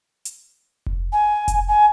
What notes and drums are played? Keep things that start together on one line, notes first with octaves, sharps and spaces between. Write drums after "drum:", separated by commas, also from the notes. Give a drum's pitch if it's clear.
drum: hi-hat
drum: kick F1
G#5
drum: kick F1, hi-hat
G#5